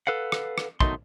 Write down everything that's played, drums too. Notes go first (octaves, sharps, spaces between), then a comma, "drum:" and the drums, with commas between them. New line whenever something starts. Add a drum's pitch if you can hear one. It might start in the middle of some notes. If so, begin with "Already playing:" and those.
A4 B4 F5 F#5
drum: rim click
drum: rim click
B2 D#3 F#3 A3 D#4 C6, drum: kick